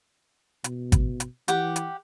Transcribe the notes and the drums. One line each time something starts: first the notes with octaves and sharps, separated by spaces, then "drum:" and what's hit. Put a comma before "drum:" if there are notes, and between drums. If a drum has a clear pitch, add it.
B2, drum: hi-hat
drum: kick, hi-hat
drum: hi-hat
E3 G4 F#5, drum: hi-hat
drum: hi-hat